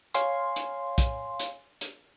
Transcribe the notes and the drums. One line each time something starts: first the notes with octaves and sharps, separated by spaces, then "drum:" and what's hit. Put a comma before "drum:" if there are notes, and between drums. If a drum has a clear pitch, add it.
C#5 F5 G#5 C6, drum: hi-hat
drum: hi-hat
drum: kick, hi-hat
drum: hi-hat
drum: hi-hat